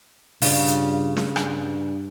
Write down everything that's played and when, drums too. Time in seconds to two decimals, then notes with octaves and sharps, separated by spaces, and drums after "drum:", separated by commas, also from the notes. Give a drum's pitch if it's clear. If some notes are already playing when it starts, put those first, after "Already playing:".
0.42 G2 C#3 F4, drum: open hi-hat
0.68 drum: hi-hat
1.17 drum: snare
1.36 G2, drum: rim click